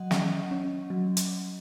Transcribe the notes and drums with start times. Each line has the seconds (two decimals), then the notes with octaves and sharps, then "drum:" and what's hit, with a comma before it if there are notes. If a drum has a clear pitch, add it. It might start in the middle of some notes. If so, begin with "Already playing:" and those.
Already playing: F#3 D#5 F#5
0.11 C#4, drum: snare
0.51 C#4
0.90 F#3
1.17 drum: hi-hat